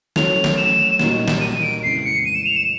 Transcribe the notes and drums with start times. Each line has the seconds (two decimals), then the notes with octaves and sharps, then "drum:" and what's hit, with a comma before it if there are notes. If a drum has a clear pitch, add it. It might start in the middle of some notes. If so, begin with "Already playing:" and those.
0.16 F#3 A3 C#4 F#4 F7, drum: snare
0.44 drum: snare
0.57 E7
0.99 A#2 G3 A#3 D#4 F#4, drum: snare
1.28 drum: snare
1.41 D#7
1.62 D7
1.83 F2 C#3 E3 G#3 C7
2.05 C#7
2.25 D#7
2.35 E7
2.46 F7
2.56 E7